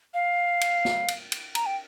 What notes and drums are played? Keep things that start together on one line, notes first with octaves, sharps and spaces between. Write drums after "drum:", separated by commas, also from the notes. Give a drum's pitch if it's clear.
F5
drum: cymbal
drum: snare
drum: cymbal
drum: cymbal
A#5, drum: cymbal
G5